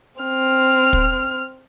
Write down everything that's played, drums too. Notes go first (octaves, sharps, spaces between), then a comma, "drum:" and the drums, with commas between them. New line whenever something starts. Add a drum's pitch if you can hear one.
C4 F6
drum: kick